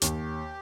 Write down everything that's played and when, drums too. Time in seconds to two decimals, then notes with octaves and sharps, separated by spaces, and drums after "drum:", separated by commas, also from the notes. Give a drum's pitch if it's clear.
0.02 D#2 G4, drum: hi-hat